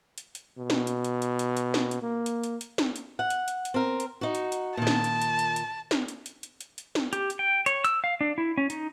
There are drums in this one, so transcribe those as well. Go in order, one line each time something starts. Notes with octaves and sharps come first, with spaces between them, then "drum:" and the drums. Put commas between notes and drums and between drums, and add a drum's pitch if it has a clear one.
drum: hi-hat
drum: hi-hat
B2
drum: snare
drum: hi-hat
drum: hi-hat
drum: hi-hat
drum: hi-hat
drum: hi-hat
drum: snare
drum: hi-hat
A#3
drum: hi-hat
drum: hi-hat
drum: hi-hat
drum: snare
drum: hi-hat
F#5
drum: hi-hat
drum: hi-hat
drum: hi-hat
C4 A#4
drum: hi-hat
D#4 F#4
drum: hi-hat
drum: hi-hat
A#2 D#3 A5
drum: snare
drum: hi-hat
drum: hi-hat
drum: hi-hat
drum: hi-hat
drum: snare
drum: hi-hat
drum: hi-hat
drum: hi-hat
drum: hi-hat
drum: hi-hat
drum: snare
G4, drum: hi-hat
drum: hi-hat
G5
C#5, drum: hi-hat
E6, drum: hi-hat
F5
D4
E4
C#4
D#4, drum: hi-hat